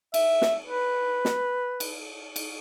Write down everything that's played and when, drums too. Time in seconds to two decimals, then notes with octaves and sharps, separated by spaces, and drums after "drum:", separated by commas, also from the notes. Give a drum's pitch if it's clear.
0.14 E5, drum: cymbal
0.42 drum: snare
0.66 B4
1.25 drum: snare
1.80 drum: cymbal
2.36 drum: cymbal